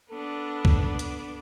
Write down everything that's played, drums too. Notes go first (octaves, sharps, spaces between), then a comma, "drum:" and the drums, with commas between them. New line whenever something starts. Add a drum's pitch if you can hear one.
B3 D4 A4
drum: kick C#2
drum: hi-hat